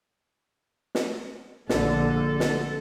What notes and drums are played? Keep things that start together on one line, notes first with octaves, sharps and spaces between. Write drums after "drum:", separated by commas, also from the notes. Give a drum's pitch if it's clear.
drum: snare
A#1 D3 A4, drum: snare
drum: snare